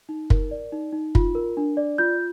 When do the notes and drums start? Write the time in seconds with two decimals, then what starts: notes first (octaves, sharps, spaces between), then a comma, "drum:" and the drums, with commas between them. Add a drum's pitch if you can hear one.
0.09 D#4
0.30 A#4, drum: kick
0.51 D5
0.72 D#4
0.93 D#4
1.15 F4, drum: kick
1.35 A#4
1.57 D4
1.77 D5
1.98 F4 G6